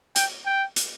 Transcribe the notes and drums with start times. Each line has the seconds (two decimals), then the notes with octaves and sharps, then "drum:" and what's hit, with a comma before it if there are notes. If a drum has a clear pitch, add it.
0.16 G5, drum: hi-hat
0.46 G5
0.76 drum: hi-hat